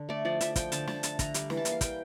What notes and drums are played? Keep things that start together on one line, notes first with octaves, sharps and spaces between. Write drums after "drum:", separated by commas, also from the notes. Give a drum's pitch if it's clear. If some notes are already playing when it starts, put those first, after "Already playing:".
Already playing: D3
A3 D5
F3 D5
F3 E5, drum: hi-hat
F3 G5, drum: kick, hi-hat
D3 A5, drum: hi-hat
D3 A5, drum: snare
A3 A5, drum: hi-hat
D3 A#5, drum: kick, hi-hat
G3, drum: hi-hat
E3, drum: snare
A5
A#3, drum: hi-hat
F5
E3 G5, drum: kick, hi-hat